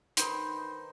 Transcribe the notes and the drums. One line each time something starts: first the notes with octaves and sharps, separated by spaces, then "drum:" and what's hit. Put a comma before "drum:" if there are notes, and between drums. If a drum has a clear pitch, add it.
D#3 D#4 B4 C5, drum: hi-hat